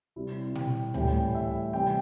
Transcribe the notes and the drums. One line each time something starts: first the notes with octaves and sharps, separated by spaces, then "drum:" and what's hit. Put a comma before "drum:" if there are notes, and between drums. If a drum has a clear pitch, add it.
C3 G3 E4
G5, drum: tom
A2 E3 G3 G5, drum: tom D2
E5
C3 E3 G3 G5